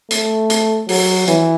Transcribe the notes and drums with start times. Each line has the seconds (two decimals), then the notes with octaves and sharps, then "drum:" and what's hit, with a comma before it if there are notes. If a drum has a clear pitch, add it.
0.11 A3, drum: hi-hat
0.50 drum: hi-hat
0.89 F#3, drum: open hi-hat
1.28 E3, drum: hi-hat